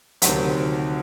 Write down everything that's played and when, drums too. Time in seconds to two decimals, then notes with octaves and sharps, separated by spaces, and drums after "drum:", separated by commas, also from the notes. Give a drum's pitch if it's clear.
0.22 D2 C3 D#3 F#3, drum: hi-hat